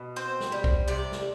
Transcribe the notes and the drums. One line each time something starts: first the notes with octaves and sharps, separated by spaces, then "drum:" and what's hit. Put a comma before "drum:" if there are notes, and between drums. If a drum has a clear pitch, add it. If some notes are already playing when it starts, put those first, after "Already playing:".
Already playing: B2
C4 C5
drum: snare
G3
drum: kick
C3 D5
drum: snare